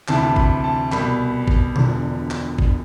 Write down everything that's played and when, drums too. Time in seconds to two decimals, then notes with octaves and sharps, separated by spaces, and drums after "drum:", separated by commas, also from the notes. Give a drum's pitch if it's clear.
0.08 D2 C3 E3 A5, drum: clap
0.17 B5
0.23 A5
0.36 B5, drum: kick G#1
0.64 A5
0.92 C2 B2 B5, drum: clap
1.47 drum: kick G#1
1.76 E1 E2 D3 F3, drum: tom B2
2.31 drum: clap
2.58 drum: kick G#1